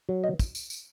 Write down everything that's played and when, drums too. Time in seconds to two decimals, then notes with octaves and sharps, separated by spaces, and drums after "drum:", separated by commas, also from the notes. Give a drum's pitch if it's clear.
0.09 F#3
0.24 D#5
0.39 drum: kick, tambourine
0.55 drum: tambourine
0.70 drum: tambourine